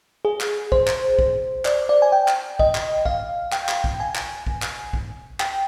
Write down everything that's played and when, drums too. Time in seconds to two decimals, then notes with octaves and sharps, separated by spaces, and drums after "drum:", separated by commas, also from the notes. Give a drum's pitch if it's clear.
0.25 G#4
0.41 drum: clap
0.72 C5, drum: kick
0.87 drum: clap
1.19 drum: kick
1.65 D5, drum: clap
1.89 D5
2.02 G#5
2.12 G5
2.28 drum: clap
2.59 D#5, drum: kick
2.75 drum: clap
3.06 F5, drum: kick
3.52 G5, drum: clap
3.68 drum: clap
3.84 drum: kick
4.00 G#5
4.15 drum: clap
4.47 drum: kick
4.62 drum: clap
4.93 drum: kick
5.40 G5, drum: clap